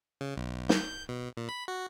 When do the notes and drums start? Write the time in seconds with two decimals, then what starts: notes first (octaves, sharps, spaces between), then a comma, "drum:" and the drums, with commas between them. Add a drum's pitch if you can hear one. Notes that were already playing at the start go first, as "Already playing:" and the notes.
0.21 C#3
0.36 B1
0.69 G6, drum: snare
1.09 B2
1.37 A#2
1.49 B5
1.68 F#4